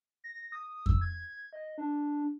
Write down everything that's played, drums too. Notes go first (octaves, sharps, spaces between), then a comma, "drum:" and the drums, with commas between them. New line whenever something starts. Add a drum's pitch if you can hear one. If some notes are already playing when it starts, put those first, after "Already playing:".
A#6
D#6
E6, drum: kick F2
G#6
D#5
D4